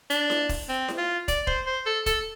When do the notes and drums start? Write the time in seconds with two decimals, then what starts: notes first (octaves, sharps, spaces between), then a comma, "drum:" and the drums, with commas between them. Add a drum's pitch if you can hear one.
0.10 D4, drum: hi-hat
0.30 drum: snare E4
0.49 drum: kick, open hi-hat
0.69 C4
0.88 drum: snare E4
0.98 F4
1.28 D5, drum: kick, hi-hat
1.47 C5, drum: kick
1.67 C5
1.86 A4
2.06 A4, drum: kick, hi-hat